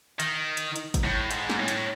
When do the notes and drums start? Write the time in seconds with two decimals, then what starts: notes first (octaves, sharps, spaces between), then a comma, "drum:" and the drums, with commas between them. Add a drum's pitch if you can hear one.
0.20 D#3, drum: hi-hat
0.57 drum: hi-hat
0.76 drum: hi-hat
0.94 drum: kick, hi-hat
1.04 A2
1.31 G#2, drum: hi-hat
1.50 drum: snare
1.59 A2
1.68 drum: hi-hat